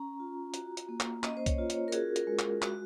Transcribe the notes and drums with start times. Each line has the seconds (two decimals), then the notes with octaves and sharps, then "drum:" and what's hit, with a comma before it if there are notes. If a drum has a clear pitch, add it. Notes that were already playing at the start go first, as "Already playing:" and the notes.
Already playing: C#4 A#5
0.20 F4
0.54 F#4, drum: hi-hat
0.77 drum: hi-hat
0.89 A#3
1.00 drum: clap
1.23 C#4 D#5, drum: clap
1.37 C5
1.46 C#5, drum: kick, hi-hat
1.58 F4
1.70 C#5, drum: hi-hat
1.88 A#4
1.92 F#4 G#4, drum: hi-hat
2.16 A#4, drum: hi-hat
2.27 G#3
2.39 drum: clap
2.62 F#4, drum: clap